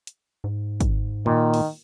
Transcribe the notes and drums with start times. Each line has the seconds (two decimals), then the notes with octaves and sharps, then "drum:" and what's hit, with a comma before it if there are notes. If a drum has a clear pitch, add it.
0.07 drum: hi-hat
0.44 G#2
0.80 drum: kick, hi-hat
1.26 A#2 D#3
1.54 drum: open hi-hat